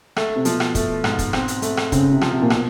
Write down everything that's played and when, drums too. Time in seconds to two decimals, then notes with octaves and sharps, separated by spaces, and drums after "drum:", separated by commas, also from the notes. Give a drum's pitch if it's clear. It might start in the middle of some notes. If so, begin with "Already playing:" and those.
0.16 A3, drum: rim click
0.36 C3
0.45 B2 F3, drum: hi-hat
0.60 drum: rim click
0.75 A3, drum: kick, hi-hat
1.04 G#2, drum: rim click
1.19 drum: kick, hi-hat
1.33 C4, drum: rim click
1.48 drum: hi-hat
1.62 A3, drum: hi-hat
1.77 drum: rim click
1.92 C#3 C4, drum: kick, hi-hat
2.12 C3
2.21 F3, drum: rim click
2.31 C3
2.42 A#2
2.50 B2 F3, drum: rim click